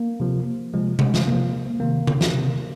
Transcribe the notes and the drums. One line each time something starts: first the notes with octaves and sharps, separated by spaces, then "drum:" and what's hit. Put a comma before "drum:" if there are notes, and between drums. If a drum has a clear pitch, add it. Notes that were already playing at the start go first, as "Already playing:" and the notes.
Already playing: A#3
C3 F3
C3 F3 G#3
G#3, drum: tom C3
drum: snare
C3 F3 A#3
C3 D#3 A#3
drum: tom C#3
drum: snare
C3 D#3